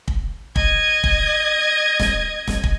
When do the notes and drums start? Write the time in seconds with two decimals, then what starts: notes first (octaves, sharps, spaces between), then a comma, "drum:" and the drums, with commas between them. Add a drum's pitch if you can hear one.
0.08 drum: kick
0.56 D#5 G#6, drum: kick
1.04 drum: kick
2.00 drum: snare
2.48 drum: snare
2.64 drum: kick